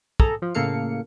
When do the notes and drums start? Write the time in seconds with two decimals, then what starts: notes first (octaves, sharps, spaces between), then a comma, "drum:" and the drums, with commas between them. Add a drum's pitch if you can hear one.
0.20 G#4 A4 A#5, drum: kick
0.42 F3
0.55 A2 C#3 A#3 A4 F5 C#7